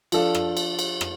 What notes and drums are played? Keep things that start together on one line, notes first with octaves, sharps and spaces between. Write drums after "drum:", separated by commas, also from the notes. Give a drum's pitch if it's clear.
F3 D4 A4 F5, drum: cymbal
drum: rim click
drum: cymbal
drum: cymbal
drum: rim click